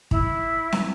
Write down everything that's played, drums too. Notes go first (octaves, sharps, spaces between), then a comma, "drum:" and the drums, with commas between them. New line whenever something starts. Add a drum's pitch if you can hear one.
E4, drum: kick
drum: snare